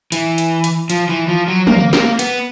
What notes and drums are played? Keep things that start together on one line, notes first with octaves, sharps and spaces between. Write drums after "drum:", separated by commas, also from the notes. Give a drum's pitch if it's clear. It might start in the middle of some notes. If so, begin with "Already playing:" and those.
E3, drum: hi-hat
drum: hi-hat
drum: hi-hat
F3, drum: hi-hat
E3
F3
F#3
A#3, drum: tom
A#3, drum: snare
B3, drum: hi-hat